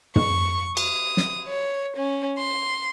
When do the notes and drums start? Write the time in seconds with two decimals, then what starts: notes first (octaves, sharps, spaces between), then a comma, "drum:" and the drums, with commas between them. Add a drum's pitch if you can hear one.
0.16 C#6, drum: tom
0.77 D#6, drum: cymbal
1.17 drum: snare
1.48 C#5
1.97 C#4
2.38 C6